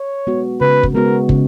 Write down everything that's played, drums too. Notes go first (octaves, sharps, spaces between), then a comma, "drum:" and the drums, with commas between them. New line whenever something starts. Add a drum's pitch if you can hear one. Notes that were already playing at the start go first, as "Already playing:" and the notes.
Already playing: C#5
G#3 B3 F#4
C#3 B4
drum: kick
G#3 B3 F#4 A#4
C#3, drum: kick